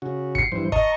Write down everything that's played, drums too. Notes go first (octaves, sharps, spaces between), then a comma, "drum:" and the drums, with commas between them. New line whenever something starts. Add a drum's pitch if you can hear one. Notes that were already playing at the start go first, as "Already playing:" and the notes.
C#3 F#4
C7 C#7, drum: kick G1
G2 E3 C5
D#5 A5 A#5 C#6, drum: kick G1